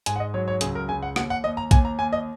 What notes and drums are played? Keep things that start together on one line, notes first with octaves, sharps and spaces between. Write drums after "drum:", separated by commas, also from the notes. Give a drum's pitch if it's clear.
G#2 G#5, drum: hi-hat
F#5
D#5
F#3 C#5
C#5
C#2 G#4, drum: hi-hat
A#4
C#2 G#5
F#5
D#2 F#5, drum: rim click
F#5
D#2 D#5
A#5
D#2 G#5, drum: kick A#1, hi-hat
A#5
D#2 G#5
D#5